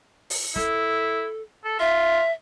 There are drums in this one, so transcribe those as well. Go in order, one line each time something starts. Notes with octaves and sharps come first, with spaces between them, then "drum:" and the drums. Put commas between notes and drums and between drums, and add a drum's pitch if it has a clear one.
drum: open hi-hat
E4 A4, drum: snare
A4
F4 E5